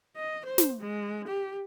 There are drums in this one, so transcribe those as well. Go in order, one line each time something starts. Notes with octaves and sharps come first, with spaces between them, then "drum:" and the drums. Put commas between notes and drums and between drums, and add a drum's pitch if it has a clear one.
D#5
C5
drum: snare
G#3
G4